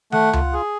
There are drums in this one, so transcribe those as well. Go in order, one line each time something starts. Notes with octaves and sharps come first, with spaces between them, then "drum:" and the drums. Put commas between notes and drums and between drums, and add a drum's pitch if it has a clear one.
A3 F#5, drum: tom
F4, drum: tom C#2
G#4